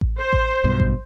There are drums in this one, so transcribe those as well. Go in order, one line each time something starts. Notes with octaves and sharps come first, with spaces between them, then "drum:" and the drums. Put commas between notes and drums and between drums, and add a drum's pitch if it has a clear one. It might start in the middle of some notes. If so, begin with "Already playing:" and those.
drum: kick A1
C5
drum: kick A1
B1 G2 B2
drum: kick A1